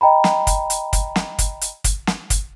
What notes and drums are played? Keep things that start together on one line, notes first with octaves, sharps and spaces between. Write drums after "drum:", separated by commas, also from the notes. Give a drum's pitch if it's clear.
D#5 G5 A#5 B5
drum: snare
drum: kick, hi-hat
drum: hi-hat
drum: kick, hi-hat
drum: snare
drum: kick, hi-hat
drum: hi-hat
drum: kick, hi-hat
drum: snare
drum: kick, hi-hat